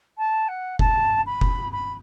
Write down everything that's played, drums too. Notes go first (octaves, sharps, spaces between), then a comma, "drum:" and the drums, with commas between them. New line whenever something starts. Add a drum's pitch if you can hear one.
A5
F#5
A5, drum: kick F1
B5
drum: kick F1
B5